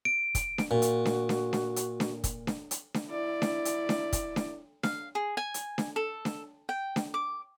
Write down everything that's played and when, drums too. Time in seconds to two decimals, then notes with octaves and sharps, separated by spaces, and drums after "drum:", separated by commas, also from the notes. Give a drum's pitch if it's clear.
0.05 D7
0.35 drum: kick, hi-hat
0.58 drum: snare D4
0.71 A#2 F#4
0.82 drum: hi-hat
1.05 drum: snare D4
1.29 drum: snare D4
1.53 drum: snare D4
1.76 drum: hi-hat
2.00 drum: snare D4
2.24 drum: kick, hi-hat
2.47 drum: snare D4
2.71 drum: hi-hat
2.94 drum: snare D4
3.09 E4 D5
3.42 drum: snare D4
3.65 drum: hi-hat
3.89 drum: snare D4
4.13 drum: kick, hi-hat
4.36 drum: snare D4
4.83 F5, drum: snare D4
5.15 G#4
5.37 G#5
5.54 drum: hi-hat
5.78 drum: snare D4
5.96 A4
6.25 drum: snare D4
6.69 G5
6.96 drum: snare D4
7.14 D6